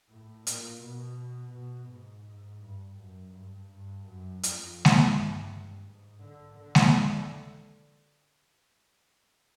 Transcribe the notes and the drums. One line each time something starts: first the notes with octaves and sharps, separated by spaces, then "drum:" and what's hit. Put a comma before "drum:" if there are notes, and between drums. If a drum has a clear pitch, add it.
A2
A#2, drum: hi-hat
B2
B2
G#2
G#2
G2
F#2
G2
G2
F#2
F2, drum: hi-hat
drum: snare G#3
G2
G#2
D3
D3
drum: snare G#3
D3